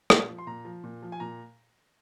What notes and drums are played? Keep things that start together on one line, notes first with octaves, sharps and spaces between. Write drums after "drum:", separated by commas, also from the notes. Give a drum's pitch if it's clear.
A#2, drum: rim click
F3
C6
A#2 A#5
F3
A#2
F3
G#5
A#2 A#5